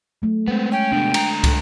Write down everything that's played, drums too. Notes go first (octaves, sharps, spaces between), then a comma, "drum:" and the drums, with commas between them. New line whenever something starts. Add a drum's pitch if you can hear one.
F#3 A3
G#3 B3 C4
C#4 G5
B2 D3 D4
D3 A#5, drum: cymbal
drum: kick, cymbal